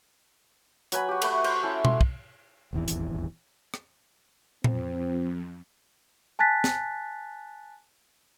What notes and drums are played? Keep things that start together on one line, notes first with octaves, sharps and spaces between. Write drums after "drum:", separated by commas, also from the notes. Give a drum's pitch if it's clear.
F#3 B4 G#5 B5, drum: hi-hat
F#4 G4
A3 B4 C#6, drum: cymbal
C5, drum: cymbal
C#4 E4 A4
C6, drum: tom B2
drum: kick
D#1 G#1 E2 E3
drum: hi-hat
drum: rim click
F2 C4, drum: tom A#2
G#5 A5 F#6 A6 B6
drum: snare